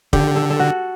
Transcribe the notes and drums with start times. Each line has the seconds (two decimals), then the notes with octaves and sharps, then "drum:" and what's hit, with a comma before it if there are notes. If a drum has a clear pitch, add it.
0.13 D3 G4, drum: kick F1
0.36 A4
0.50 A4
0.60 F#4